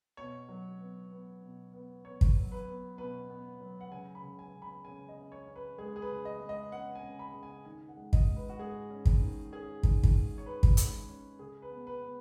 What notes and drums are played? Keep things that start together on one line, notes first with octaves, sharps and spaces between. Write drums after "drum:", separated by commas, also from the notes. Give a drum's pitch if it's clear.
B2 C#5
F#3
B3
B3
B2
B3
B3 C#5
drum: kick
F#3
B4
B3
B2 B4
B3
F#3
F#5
C#3 G#5
B5
C#3
G#5
C#3
B5
C#3 G#5
D#5
C#4
C#5
C#4
B4
G#3 G#4
G#4
B4
C#3
D#5
G#3
D#5
C#4 F#5
G#5
C#3
B5
C#3
G#5
D#3 G#5
F#5
G#3
D#5, drum: kick
G#2
B4
F#4
G#3 G#4
C#4
drum: kick
D#3
C#4 G#4
D#3, drum: kick
drum: kick
G#3
C#5
C#4 B4
drum: kick
G#3, drum: hi-hat
C#4
C#3 G#4
B4
B3
B4
B3